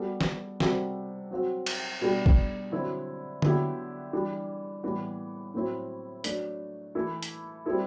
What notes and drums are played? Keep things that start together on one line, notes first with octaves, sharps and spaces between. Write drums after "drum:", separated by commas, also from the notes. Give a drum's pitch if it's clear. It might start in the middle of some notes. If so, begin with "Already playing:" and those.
Already playing: G3 B3 F#4 A4
drum: snare
C3 G3 C4 F#4 A4, drum: snare
F#3 C4 F#4
drum: cymbal
B2 G3 D4 G4
drum: kick
D3 F#3 C4 E4
D3 F#3 B3 E4 G4, drum: tom D3
E3 G3 D4
A2 E3 G3 B3
A2 F#3 C4 E4
F#3 A3 D4, drum: hi-hat
E3 A3 E4 A4
drum: hi-hat
G3 C4 E4 A4